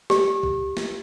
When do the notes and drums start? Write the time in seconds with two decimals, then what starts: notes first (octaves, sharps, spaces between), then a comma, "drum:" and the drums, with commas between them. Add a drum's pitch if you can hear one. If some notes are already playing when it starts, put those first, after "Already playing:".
0.10 G4, drum: snare
0.43 drum: kick
0.77 drum: snare